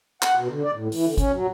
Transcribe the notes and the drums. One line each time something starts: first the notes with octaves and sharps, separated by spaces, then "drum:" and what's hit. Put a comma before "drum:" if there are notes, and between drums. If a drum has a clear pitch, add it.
F#5, drum: clap
B2
D3
D5
A2
E3, drum: open hi-hat
D3
C#4, drum: kick, hi-hat
F#3